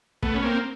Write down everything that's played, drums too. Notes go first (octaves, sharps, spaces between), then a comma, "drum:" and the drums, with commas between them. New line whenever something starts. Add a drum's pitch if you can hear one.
A3 B3, drum: kick
C#4
A#3 C4